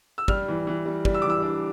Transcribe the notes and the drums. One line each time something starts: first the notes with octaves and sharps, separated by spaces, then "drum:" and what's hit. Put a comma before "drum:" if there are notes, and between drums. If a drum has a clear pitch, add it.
E6
G3 F6, drum: kick
E3
E3
G3
G3, drum: kick
E6
D6
E3
E6
D4